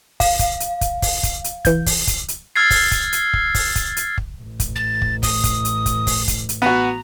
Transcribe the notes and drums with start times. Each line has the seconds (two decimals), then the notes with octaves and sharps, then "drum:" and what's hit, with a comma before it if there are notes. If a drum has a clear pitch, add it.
0.20 F5, drum: kick, open hi-hat
0.39 drum: kick, hi-hat
0.60 drum: hi-hat
0.81 drum: kick, hi-hat
1.02 drum: kick, open hi-hat
1.23 drum: kick, hi-hat
1.44 drum: hi-hat
1.65 E3 G6, drum: kick, hi-hat
1.86 drum: kick, open hi-hat
2.07 drum: kick, hi-hat
2.28 drum: hi-hat
2.56 E6 F6 G#6 A6 C7
2.70 drum: kick, open hi-hat
2.91 drum: kick, hi-hat
3.12 drum: hi-hat
3.33 drum: kick
3.55 drum: kick, open hi-hat
3.76 drum: kick, hi-hat
3.97 drum: hi-hat
4.18 drum: kick
4.42 A1
4.60 drum: kick, hi-hat
4.76 A6
5.02 drum: kick
5.23 D#6, drum: kick, open hi-hat
5.44 drum: kick, hi-hat
5.65 drum: hi-hat
5.86 drum: kick, hi-hat
6.07 drum: kick, open hi-hat
6.28 drum: kick, hi-hat
6.49 drum: hi-hat
6.62 B3 F#4 A#5